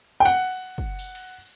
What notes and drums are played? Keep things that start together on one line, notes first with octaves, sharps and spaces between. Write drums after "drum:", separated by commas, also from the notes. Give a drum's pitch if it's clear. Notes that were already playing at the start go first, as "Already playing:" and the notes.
G5
F#5, drum: cymbal
drum: kick
drum: open hi-hat
drum: cymbal